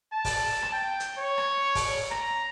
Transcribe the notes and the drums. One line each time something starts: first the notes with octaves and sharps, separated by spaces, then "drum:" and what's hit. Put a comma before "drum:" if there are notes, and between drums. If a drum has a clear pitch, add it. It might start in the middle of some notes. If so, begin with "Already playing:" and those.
A5
drum: kick, open hi-hat
drum: rim click
G5
drum: hi-hat
C#5
drum: rim click
drum: kick, open hi-hat
A#5, drum: rim click